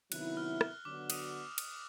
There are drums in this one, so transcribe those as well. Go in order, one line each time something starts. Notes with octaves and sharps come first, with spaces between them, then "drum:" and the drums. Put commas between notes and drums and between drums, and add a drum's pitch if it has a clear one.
C3 D#3 F#3 B3 E4 F#6, drum: cymbal
F6
drum: rim click
D3 F#3 B3 D4 F#4 D6
D#6, drum: cymbal
drum: cymbal